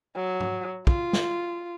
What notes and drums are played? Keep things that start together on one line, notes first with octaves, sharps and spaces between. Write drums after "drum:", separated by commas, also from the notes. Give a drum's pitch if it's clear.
F#3
drum: tom G#2
F4, drum: kick
drum: snare